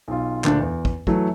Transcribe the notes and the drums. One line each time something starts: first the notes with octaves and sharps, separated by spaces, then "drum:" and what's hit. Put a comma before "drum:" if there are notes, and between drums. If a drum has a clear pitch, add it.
B1 F4
D2 A#2 D4, drum: clap
E2
drum: kick
E3 F#3 A3, drum: kick